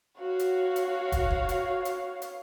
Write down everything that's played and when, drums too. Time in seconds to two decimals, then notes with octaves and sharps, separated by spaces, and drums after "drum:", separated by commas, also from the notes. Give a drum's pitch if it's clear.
0.21 F#4 C#5 F5
0.39 drum: hi-hat
0.76 drum: hi-hat
1.12 drum: kick, hi-hat
1.30 drum: kick
1.49 drum: hi-hat
1.85 drum: hi-hat
2.22 drum: hi-hat